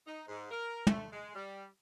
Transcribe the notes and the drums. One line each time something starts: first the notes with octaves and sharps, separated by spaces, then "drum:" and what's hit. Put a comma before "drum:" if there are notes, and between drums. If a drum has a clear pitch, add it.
D#4
G#2
A#4
A3, drum: tom
G#3
G3